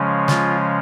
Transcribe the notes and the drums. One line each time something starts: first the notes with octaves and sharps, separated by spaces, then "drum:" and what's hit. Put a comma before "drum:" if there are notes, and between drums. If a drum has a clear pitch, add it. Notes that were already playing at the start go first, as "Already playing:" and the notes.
Already playing: C#3 F3 G#3 C#4
F4, drum: snare